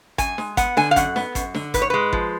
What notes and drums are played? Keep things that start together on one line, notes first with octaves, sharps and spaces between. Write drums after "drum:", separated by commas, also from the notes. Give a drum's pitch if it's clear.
F#2 G#5, drum: kick G#1, hi-hat
G#3, drum: snare
B3 F#5, drum: kick G#1, hi-hat
D3 G#5, drum: snare
F5
F#2 F#5, drum: kick G#1, hi-hat
B3, drum: snare
F#2, drum: kick G#1, hi-hat
D3, drum: snare
G#2 B4, drum: kick G#1, hi-hat
C#5
G#3 B4
F3, drum: kick G#1